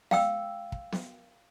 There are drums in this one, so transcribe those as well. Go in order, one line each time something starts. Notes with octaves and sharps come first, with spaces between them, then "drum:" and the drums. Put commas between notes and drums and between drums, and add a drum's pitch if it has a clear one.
F5 G5 E6, drum: snare B3
drum: kick
drum: snare B3